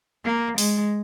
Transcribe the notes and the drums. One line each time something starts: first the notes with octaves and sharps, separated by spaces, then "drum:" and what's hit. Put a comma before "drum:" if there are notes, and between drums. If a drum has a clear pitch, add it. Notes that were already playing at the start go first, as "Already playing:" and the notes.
A#3
G#3, drum: open hi-hat